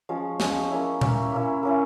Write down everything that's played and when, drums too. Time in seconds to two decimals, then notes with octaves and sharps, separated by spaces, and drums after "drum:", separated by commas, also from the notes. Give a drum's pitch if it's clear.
0.09 F3 G#3 C#4
0.40 F3 G#3 C#4, drum: snare
0.71 A#3 C#4 E4
1.01 A#3 C#4 E4, drum: tom A#2
1.32 A#3 C#4 E4
1.63 A#3 C#4 E4